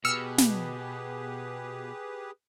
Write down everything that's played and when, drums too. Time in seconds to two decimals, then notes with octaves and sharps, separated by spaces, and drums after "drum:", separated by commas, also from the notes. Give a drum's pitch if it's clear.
0.05 B2 G4 G#4 B4 E6 F6 C#7
0.38 drum: snare